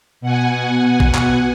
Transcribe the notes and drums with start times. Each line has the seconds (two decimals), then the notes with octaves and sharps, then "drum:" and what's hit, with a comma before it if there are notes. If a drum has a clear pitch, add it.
0.21 B2 F#5 G#5
1.00 drum: kick
1.15 drum: clap